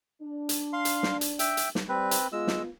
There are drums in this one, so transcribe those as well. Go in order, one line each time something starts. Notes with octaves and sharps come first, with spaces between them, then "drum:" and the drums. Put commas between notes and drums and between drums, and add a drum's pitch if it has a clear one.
D4
drum: hi-hat
F5 C6
drum: hi-hat
drum: snare
drum: hi-hat
E5 G5, drum: hi-hat
drum: hi-hat
drum: snare
G3 C4 B4
drum: hi-hat
G#3 B3 F4 E6
drum: snare